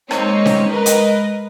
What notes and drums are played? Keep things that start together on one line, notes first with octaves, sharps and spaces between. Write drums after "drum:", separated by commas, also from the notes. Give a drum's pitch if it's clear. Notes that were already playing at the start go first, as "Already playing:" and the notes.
G#3 A#3 C4 D#4 C#5, drum: rim click
drum: snare C#4
G#3 A#4 B4 D#5
drum: hi-hat